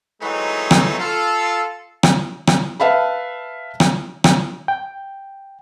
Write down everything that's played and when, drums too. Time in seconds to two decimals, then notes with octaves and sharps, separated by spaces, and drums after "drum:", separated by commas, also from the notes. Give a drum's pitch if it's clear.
0.22 E3 F#3 G#3 A3 C4 D#4
0.71 drum: rim click
0.99 F4 A4
2.03 drum: rim click
2.47 drum: rim click
2.80 B4 E5 F5 A5 B5
3.80 drum: rim click
4.24 drum: rim click
4.68 G5